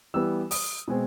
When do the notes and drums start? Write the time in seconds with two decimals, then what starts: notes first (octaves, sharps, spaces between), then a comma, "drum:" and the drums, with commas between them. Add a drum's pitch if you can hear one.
0.14 E3 G3 B3 E6
0.51 D#6, drum: open hi-hat
0.88 B2 G#3 C4